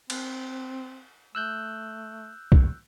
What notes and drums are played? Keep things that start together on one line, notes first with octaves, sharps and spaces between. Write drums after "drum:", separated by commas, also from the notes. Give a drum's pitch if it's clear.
C4, drum: cymbal
A3 E6 F#6 G6
drum: kick